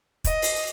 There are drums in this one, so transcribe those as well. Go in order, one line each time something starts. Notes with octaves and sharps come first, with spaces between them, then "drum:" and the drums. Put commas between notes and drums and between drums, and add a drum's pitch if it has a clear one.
D#5, drum: kick, hi-hat
drum: open hi-hat